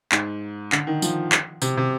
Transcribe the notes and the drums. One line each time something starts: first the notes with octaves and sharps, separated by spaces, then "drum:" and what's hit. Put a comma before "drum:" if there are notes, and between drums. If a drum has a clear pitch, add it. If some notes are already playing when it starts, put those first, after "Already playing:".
G#2, drum: clap
D3, drum: clap
D#3
F3, drum: tambourine
drum: clap
C3, drum: tambourine
C3